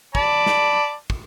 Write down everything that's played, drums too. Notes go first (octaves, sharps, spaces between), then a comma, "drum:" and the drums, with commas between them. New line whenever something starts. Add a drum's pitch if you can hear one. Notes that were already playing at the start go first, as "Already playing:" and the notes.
D5 A5 B5, drum: kick
drum: snare
drum: kick